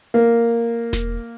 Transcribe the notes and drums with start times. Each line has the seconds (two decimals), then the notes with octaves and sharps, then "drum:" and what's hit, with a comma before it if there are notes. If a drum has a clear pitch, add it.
0.14 A#3
0.93 drum: snare E1